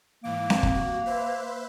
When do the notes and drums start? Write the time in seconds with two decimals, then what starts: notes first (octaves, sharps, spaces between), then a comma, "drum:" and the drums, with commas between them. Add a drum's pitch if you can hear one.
0.24 G#2 E3 A#3 D6
0.50 drum: snare C4
0.63 drum: kick
0.74 F#4
1.06 B4 C5 E5